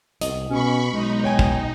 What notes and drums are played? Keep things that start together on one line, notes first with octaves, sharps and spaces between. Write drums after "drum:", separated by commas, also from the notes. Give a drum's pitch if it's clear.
C2 D#5, drum: hi-hat
B2 C#4 B5 C#6
B1 G#3 D#4
C#5 G5 G#5
drum: kick